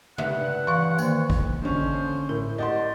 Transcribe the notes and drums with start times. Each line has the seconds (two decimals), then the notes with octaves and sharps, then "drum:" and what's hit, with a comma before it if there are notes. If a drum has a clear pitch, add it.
0.18 G2 E5 F#5, drum: tom
0.67 E3 F5 C#6
0.98 D#3 A#3, drum: tambourine
1.30 drum: kick G#1
1.62 F2 D3 G#3 C#4 C5
2.29 A2 A#4
2.58 C2 G4 D#5 F#5 A5 C6